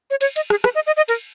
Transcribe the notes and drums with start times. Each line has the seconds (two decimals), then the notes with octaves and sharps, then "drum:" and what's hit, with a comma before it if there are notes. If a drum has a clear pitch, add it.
0.10 C#5
0.21 C#5, drum: cymbal
0.36 D#5, drum: cymbal
0.50 G#4, drum: rim click
0.64 B4, drum: rim click
0.75 D#5
0.87 D#5
0.97 D#5
1.08 A#4, drum: cymbal